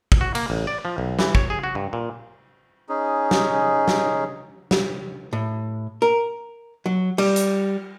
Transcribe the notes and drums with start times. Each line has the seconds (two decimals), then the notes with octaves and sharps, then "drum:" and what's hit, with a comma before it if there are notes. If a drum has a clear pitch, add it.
0.12 drum: kick
0.21 F#4
0.35 A#3, drum: cymbal
0.50 A1
0.67 D5
0.85 F3
0.98 B1
1.19 E3, drum: snare
1.35 C#5, drum: kick
1.50 G#4
1.64 F#4
1.75 G2
1.93 A#2
2.89 C#4 D#4 G#4
3.31 drum: snare
3.88 drum: snare
4.71 drum: snare
5.33 A2
6.02 A#4
6.86 F#3
7.18 G3, drum: cymbal
7.36 drum: hi-hat